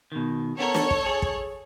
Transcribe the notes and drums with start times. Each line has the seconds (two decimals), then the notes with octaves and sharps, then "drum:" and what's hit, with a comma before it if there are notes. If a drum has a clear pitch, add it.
0.12 B2 D#3
0.59 B3 A4 A#4 C#5
0.75 drum: snare
0.91 drum: kick
1.06 G#4
1.22 drum: kick